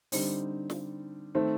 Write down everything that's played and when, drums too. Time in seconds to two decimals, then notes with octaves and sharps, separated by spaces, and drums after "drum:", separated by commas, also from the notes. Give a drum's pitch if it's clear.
0.12 D3 G3 C4 D#4, drum: open hi-hat
0.70 drum: snare
1.35 D#3 A3 C4